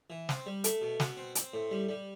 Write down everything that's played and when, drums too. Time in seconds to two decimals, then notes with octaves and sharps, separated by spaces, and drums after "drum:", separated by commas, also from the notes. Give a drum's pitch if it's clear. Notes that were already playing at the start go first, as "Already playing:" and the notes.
0.10 E3
0.29 C4, drum: snare
0.46 G3
0.64 A3, drum: hi-hat
0.82 B2
1.00 B2 F#5, drum: snare
1.17 C4
1.35 C4, drum: hi-hat
1.54 A2
1.71 G3
1.89 G3